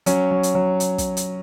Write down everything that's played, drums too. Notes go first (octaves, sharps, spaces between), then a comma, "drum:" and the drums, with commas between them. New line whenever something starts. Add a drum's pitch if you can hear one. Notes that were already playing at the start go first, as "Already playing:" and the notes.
F#3 C#4, drum: hi-hat
F#3
drum: hi-hat
F#3
drum: hi-hat
drum: kick, hi-hat
drum: hi-hat